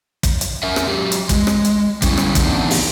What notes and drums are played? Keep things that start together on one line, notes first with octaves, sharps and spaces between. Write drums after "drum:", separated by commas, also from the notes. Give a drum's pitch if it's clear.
drum: kick, hi-hat
drum: hi-hat
C#4 A#4 E5
drum: rim click
F#3 G4
drum: hi-hat
G#3, drum: kick, hi-hat
drum: rim click
drum: hi-hat
G3 C#4 E4, drum: kick, hi-hat
drum: rim click
drum: kick, hi-hat
E3 A3 B3 C4 D4 D#4
drum: open hi-hat